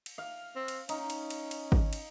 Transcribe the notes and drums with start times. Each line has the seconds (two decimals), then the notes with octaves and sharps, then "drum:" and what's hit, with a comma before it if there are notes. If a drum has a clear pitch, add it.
0.06 drum: cymbal
0.18 F5
0.56 C4
0.68 drum: cymbal
0.89 C#4 D#4, drum: cymbal
1.10 drum: cymbal
1.30 drum: cymbal
1.51 drum: cymbal
1.72 drum: kick
1.93 drum: cymbal